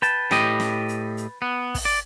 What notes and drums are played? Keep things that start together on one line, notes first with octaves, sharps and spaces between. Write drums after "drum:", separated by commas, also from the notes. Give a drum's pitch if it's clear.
B4 G5 A5, drum: hi-hat
A2 G4 D#5, drum: snare
drum: snare
drum: hi-hat
drum: hi-hat
B3
drum: kick, open hi-hat
D5